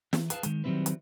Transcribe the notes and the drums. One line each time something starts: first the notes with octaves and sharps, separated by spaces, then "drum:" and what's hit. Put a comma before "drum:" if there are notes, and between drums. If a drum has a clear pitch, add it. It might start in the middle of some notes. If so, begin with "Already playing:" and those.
E3, drum: snare
G#4 B4 F5 F#5 A5, drum: hi-hat
D#3 G#3, drum: hi-hat
D#3 F#3 G3 C4 E4 B4
drum: hi-hat